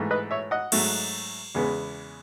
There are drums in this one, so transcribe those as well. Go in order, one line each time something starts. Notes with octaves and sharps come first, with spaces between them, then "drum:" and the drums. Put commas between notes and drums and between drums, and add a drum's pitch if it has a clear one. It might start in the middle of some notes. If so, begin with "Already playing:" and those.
Already playing: G#2 E3 A3
B4 D#5
C#5 E5
D#5 F#5
G#2 F#3 A3, drum: cymbal
E2 C#3 G#3 B3